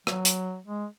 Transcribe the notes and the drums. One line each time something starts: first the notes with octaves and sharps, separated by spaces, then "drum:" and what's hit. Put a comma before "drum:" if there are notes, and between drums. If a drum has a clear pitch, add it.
F#3, drum: rim click
drum: hi-hat
G#3